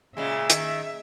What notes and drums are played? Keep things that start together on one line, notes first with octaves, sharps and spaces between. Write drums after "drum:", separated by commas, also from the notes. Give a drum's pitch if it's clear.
A#2 C#3 G#3 E5
D#3, drum: hi-hat